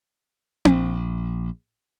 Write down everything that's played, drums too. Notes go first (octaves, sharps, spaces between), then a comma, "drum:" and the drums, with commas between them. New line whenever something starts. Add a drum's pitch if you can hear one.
A#1, drum: tom C4